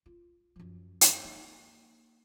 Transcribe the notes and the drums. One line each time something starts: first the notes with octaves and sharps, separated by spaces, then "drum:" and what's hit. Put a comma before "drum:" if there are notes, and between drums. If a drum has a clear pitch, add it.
F4
F#2 F3
drum: hi-hat
A#3 D#4